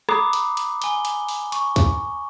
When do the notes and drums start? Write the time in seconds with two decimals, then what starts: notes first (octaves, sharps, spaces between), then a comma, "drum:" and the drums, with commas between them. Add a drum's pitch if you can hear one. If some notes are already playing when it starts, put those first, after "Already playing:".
0.09 A#5 B5 D6 D#6 F#6 C7, drum: rim click
0.33 drum: hi-hat
0.57 drum: hi-hat
0.82 G#5 G7, drum: hi-hat
1.05 drum: hi-hat
1.28 drum: open hi-hat
1.52 C#6, drum: hi-hat
1.76 drum: kick, hi-hat